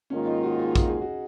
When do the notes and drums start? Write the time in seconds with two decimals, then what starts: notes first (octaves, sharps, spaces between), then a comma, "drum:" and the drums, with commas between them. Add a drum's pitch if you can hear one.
0.10 G#2 D#3 A#3 C#4 F4
0.27 D#4
0.43 F#4
0.59 G#4
0.75 drum: kick A#1
0.89 G#4
1.01 F#4